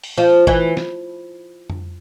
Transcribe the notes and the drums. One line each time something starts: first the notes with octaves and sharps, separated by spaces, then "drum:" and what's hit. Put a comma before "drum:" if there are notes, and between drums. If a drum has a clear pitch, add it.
drum: open hi-hat
F3
E3, drum: kick G#1
drum: snare
drum: tom F2